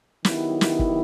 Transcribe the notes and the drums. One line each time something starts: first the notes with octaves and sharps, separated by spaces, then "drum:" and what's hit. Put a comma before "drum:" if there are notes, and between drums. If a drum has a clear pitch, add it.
D#3 F#3 B3 E4 G4, drum: snare
drum: snare
drum: kick